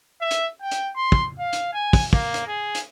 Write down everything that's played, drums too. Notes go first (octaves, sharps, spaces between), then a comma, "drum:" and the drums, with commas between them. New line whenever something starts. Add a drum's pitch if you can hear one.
E5
drum: hi-hat
G5
drum: hi-hat
C6
drum: kick
F5
drum: hi-hat
G#5
drum: kick, open hi-hat
A#3, drum: kick
drum: hi-hat
G#4
drum: hi-hat